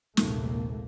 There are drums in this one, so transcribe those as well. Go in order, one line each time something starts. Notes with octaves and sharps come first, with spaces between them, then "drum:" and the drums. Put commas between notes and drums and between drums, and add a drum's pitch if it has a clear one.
A#1 D#2 G#2 C3 A3 A#3, drum: snare